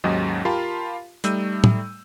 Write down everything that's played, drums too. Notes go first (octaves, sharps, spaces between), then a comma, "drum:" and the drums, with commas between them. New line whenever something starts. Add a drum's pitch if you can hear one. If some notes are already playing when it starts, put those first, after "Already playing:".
D#2 G#2 F#3 C#4 G4 D#5
F4 G4 A#4 F5 A5 B5
G3 A3 D#4 E6 G6 D#7, drum: hi-hat
drum: tom A2